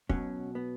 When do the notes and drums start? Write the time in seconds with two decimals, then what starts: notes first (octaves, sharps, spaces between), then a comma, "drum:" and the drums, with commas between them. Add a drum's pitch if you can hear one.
0.09 B1 B2 F#3 C#4, drum: kick
0.55 B3